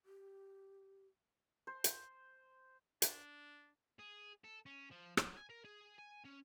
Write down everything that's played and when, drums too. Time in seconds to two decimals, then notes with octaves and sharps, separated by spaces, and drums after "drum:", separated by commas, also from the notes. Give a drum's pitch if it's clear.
0.05 G4
1.67 C5
1.84 drum: hi-hat
3.02 D4, drum: hi-hat
3.99 G#4
4.44 A4
4.66 C#4
4.91 F3
5.17 F#3, drum: rim click
5.37 G#5
5.50 A#4
5.65 G#4
5.98 G#5
6.24 C#4